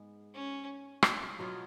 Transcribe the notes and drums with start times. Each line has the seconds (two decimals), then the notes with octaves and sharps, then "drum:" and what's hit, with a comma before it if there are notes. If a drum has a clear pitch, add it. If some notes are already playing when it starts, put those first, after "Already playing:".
Already playing: G#2 G#3 B3
0.34 C#4
1.03 drum: rim click
1.39 B2 F#3 B3 F4